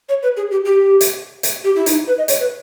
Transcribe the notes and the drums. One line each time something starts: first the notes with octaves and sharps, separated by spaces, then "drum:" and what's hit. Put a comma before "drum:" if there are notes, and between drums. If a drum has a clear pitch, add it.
C#5
B4
G#4
G4
G4
drum: hi-hat
drum: hi-hat
G4
E4
D#4, drum: hi-hat
B4
D#5
C#5, drum: hi-hat
B4